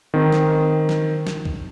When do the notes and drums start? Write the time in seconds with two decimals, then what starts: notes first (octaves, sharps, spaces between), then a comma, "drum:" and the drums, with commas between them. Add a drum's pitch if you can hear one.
0.14 D#3 C4
0.32 drum: snare
0.89 drum: snare
1.27 drum: snare
1.45 drum: kick